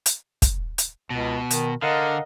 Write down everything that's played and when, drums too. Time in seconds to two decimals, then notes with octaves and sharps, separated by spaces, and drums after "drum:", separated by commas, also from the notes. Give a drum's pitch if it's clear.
0.06 drum: hi-hat
0.42 drum: kick, hi-hat
0.78 drum: hi-hat
1.10 C#2 B2
1.51 D#3, drum: hi-hat
1.82 D3 A#4 D#5 F5 F#5